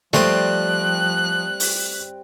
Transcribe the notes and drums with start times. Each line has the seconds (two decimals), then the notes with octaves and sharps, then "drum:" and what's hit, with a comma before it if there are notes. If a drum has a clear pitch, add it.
0.13 F3 G3 A3 C4 C5 D#6 F#6, drum: snare G#3
1.60 drum: open hi-hat